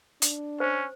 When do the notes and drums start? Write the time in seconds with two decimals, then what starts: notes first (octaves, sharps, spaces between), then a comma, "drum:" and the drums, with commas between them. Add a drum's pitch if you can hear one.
0.22 D4, drum: hi-hat
0.60 C#4 C5